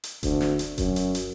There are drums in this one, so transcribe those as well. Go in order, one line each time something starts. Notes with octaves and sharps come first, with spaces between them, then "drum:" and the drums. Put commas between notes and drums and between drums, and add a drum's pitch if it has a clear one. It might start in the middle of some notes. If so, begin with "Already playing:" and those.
drum: hi-hat
D2, drum: kick E1, hi-hat
drum: snare
drum: hi-hat
F#2, drum: kick E1, hi-hat
drum: hi-hat
drum: hi-hat